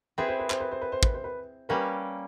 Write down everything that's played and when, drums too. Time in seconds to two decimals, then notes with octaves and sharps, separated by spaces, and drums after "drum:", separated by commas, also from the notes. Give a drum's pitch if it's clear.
0.18 C4 E4 G#4 B4
0.28 C5
0.39 B4
0.50 C5, drum: clap
0.60 B4
0.71 C5
0.81 B4
0.92 C5
1.03 B4, drum: kick
1.14 C5
1.24 B4
1.69 G3 A#3 C#4 B4